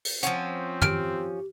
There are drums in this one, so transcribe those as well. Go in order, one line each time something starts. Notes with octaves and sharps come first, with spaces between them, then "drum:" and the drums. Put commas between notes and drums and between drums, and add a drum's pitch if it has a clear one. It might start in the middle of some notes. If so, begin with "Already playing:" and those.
drum: open hi-hat
F3 C4 C#4 F#5, drum: hi-hat
G4 F6 D7, drum: tom